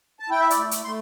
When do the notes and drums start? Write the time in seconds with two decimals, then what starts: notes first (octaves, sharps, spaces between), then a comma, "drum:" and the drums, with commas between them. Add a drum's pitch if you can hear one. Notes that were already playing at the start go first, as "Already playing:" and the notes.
0.20 A5
0.29 E4 G5
0.40 E5
0.50 D5, drum: hi-hat
0.57 A3
0.71 drum: hi-hat
0.84 A3 C6